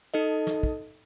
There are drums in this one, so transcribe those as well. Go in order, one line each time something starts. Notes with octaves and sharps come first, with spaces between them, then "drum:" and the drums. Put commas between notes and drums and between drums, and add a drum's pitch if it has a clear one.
D#4 A4 D#5
drum: snare
drum: kick